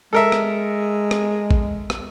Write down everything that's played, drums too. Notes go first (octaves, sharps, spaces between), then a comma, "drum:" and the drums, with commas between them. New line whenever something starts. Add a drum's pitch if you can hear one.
G#3 A4 A#4 E5
drum: rim click
drum: rim click
drum: kick A1
drum: rim click